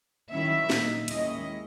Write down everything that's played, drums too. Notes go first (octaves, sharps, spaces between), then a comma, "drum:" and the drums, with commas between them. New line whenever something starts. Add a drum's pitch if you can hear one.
D#3 F#3 C#4 E4 E5
A#2 A#3 D#4, drum: snare
D#2 D#3 G#3 C#4 E4 D#5, drum: hi-hat